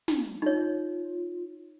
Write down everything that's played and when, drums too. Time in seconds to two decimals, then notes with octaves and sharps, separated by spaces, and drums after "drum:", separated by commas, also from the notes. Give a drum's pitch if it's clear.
0.08 drum: snare
0.42 D#4 F4 C#5